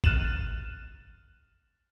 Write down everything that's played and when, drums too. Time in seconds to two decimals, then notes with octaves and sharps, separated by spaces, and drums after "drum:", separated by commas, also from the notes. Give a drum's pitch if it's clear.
0.04 F6 F#6 A6 D#7 E7 F#7, drum: kick